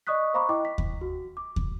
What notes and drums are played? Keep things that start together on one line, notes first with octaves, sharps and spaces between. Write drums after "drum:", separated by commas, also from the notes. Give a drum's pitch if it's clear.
D5 D#5 C#6 D#6 F#6 B6
C5 F5 A#5 B5 C#6 D6
E4 D#5 G5 D6
B6
drum: kick D#2
F#4
D6
drum: kick D#2